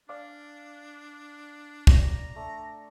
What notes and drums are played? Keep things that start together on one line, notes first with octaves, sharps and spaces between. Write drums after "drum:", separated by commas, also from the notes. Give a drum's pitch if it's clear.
D4 D5 F5 G#5
D5 A#5, drum: kick
A3 D4